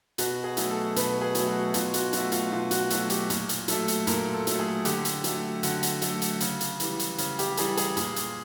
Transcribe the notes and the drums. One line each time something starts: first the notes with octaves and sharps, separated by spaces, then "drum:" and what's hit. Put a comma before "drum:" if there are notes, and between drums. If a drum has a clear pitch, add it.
B2 F#4, drum: hi-hat
G#4
F#3 A3, drum: hi-hat
A4
B2 B4, drum: hi-hat
G#4
F#3 A3, drum: hi-hat
F#4
B2 F4, drum: hi-hat
F#4, drum: hi-hat
F#3 A3 F#4, drum: hi-hat
F4, drum: hi-hat
B2 F4
F#4, drum: hi-hat
F#3 A3 F#4, drum: hi-hat
G4, drum: hi-hat
A#2, drum: hi-hat
drum: hi-hat
F#3 A3 A4, drum: hi-hat
drum: hi-hat
A#2 A#4, drum: hi-hat
A4
F#3 A3, drum: hi-hat
G#4
D3 G4, drum: hi-hat
drum: hi-hat
F#3 A3, drum: hi-hat
D3 F#4, drum: hi-hat
drum: hi-hat
F#3 A3, drum: hi-hat
drum: hi-hat
C#3, drum: hi-hat
drum: hi-hat
E3 G3, drum: hi-hat
drum: hi-hat
C#3, drum: hi-hat
G4, drum: hi-hat
E3 G3 G#4, drum: hi-hat
G#4, drum: hi-hat
A#2, drum: hi-hat
drum: hi-hat